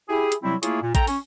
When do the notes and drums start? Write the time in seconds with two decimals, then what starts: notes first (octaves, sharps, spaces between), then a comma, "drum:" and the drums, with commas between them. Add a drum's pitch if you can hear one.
0.09 E4 G4 G#4
0.32 drum: hi-hat
0.43 C3 F#3 G3 C4 E4
0.63 A3 A#3 E4 F4 G#4 C#5, drum: hi-hat
0.82 A#2
0.95 A4 G5 A#5, drum: kick, hi-hat
1.07 C#4, drum: open hi-hat